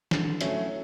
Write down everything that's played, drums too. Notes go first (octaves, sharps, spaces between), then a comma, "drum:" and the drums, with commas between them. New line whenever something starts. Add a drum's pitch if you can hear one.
D3, drum: snare
F#3 A3 C#4 E4, drum: hi-hat